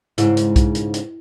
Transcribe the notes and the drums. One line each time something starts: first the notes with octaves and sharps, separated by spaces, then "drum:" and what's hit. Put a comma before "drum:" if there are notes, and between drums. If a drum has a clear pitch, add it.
G#2 C#3 E4, drum: hi-hat
drum: hi-hat
drum: kick B1, hi-hat
drum: hi-hat
drum: hi-hat